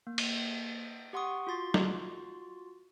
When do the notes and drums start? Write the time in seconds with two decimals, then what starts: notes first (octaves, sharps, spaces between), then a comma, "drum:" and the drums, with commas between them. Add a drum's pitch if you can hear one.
0.07 A#3
0.18 drum: cymbal
1.13 G4 F#5 C6 C#6 D#6
1.47 F4 F#4 C6 A6
1.74 drum: snare